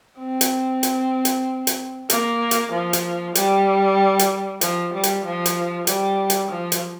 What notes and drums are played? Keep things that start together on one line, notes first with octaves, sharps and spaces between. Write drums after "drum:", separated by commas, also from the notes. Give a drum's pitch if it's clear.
C4
drum: hi-hat
drum: hi-hat
drum: hi-hat
drum: hi-hat
A#3, drum: hi-hat
drum: hi-hat
F3
drum: hi-hat
G3, drum: hi-hat
drum: hi-hat
F3, drum: hi-hat
G3
drum: hi-hat
F3
drum: hi-hat
G3, drum: hi-hat
drum: hi-hat
F3
drum: hi-hat